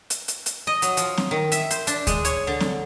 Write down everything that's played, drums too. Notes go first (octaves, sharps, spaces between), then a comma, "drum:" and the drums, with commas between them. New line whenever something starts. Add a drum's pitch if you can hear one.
drum: hi-hat
drum: hi-hat
drum: hi-hat
D#5
F#3, drum: hi-hat
F3, drum: hi-hat
drum: snare C4
D#3
E5, drum: hi-hat
C5, drum: hi-hat
D4, drum: hi-hat
G#3, drum: kick D2, hi-hat
C#5, drum: hi-hat
D3
drum: snare C4